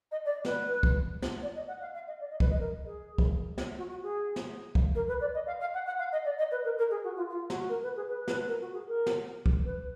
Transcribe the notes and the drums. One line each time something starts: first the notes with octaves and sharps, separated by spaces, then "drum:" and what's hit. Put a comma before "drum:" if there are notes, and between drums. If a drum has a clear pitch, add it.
D#5
D5
B4, drum: snare
drum: kick
drum: snare
D5
D#5
F#5
F5
F5
D#5
D5
D#5
B4, drum: kick
D#5
A#4
G#4
drum: kick
drum: snare
F#4
F#4
G#4
drum: snare
drum: kick
A#4
B4
D5
D#5
F5
F5
F#5
F#5
F5
D#5
D5
D#5
B4
A#4
A#4
G#4
F#4
F4
F4
F#4, drum: snare
A#4
B4
G#4
B4
B4, drum: snare
A#4
F#4
G#4
A#4
drum: snare
drum: kick
B4